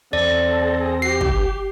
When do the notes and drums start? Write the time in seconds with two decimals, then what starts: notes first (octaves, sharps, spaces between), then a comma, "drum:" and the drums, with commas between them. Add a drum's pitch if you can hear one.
0.13 E2 C4 A4 D5 A#6
1.02 G4 C7
1.21 drum: kick